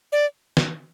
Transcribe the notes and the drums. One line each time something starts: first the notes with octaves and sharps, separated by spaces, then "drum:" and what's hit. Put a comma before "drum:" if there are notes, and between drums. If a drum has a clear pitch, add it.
D5
drum: snare